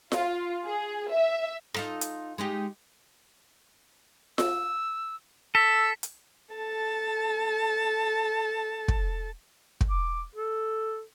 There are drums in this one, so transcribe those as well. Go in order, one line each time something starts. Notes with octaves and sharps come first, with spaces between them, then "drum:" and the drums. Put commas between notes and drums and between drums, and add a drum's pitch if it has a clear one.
F4, drum: snare F4
G#4
E5
D#4 F4 A4, drum: rim click
drum: hi-hat
G#3 D#4 G4
E6, drum: snare F4
A4 E6 B6
drum: hi-hat
A4 A5
drum: kick
drum: kick
D6
A4